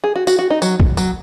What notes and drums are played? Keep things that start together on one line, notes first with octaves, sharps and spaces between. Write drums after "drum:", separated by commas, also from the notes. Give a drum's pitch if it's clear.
G#4
F#4
F#4, drum: tambourine
F#4
D#4
F#3, drum: tambourine
drum: kick B1
F#3, drum: tambourine